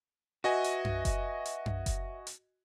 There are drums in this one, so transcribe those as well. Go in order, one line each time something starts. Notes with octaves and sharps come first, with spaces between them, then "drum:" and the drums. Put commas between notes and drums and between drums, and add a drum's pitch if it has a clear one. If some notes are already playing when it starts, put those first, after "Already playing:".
F#4 B4 D#5 E5 G#5
drum: hi-hat
drum: tom F#2
drum: kick F#1, hi-hat
drum: hi-hat
drum: tom F#2
drum: kick F#1, hi-hat
drum: hi-hat